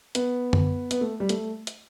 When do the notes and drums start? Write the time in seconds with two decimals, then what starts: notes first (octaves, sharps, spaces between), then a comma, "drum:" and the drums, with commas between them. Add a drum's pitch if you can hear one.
0.15 B3, drum: hi-hat
0.53 drum: tom
0.91 B3, drum: hi-hat
1.01 A3
1.20 G3
1.29 A3, drum: hi-hat
1.67 drum: hi-hat